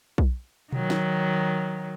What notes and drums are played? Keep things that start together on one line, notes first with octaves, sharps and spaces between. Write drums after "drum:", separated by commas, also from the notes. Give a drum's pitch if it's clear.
drum: kick B1
D#3 F#3, drum: tom B2
drum: snare